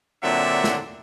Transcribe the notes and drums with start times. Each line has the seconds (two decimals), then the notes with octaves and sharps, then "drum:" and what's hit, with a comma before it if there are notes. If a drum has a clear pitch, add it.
0.23 A#2 D3 F#3 C4 D4 E5
0.64 drum: snare